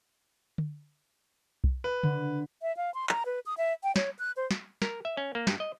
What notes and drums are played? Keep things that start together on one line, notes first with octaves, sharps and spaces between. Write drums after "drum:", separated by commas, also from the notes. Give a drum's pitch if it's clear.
drum: tom D3
drum: kick B1
B4
D3, drum: tom D3
E5
F5
C6
A#5, drum: clap
B4
D#6
E5
G5
C#5, drum: snare
F#6
C5
drum: snare
A#4, drum: snare
E5
C#4
A#3
G2, drum: snare
D#5